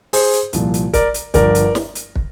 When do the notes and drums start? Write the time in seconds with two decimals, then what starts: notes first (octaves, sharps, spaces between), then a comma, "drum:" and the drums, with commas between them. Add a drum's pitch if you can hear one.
0.13 G#4 C5, drum: open hi-hat
0.33 drum: hi-hat
0.53 C2 A#2 F3, drum: hi-hat
0.74 drum: hi-hat
0.93 A#4 D5, drum: kick, hi-hat
1.14 drum: hi-hat
1.34 G1 G2 F3 A#4 D5, drum: kick, hi-hat
1.55 drum: hi-hat
1.75 drum: snare
1.95 drum: hi-hat
2.16 drum: kick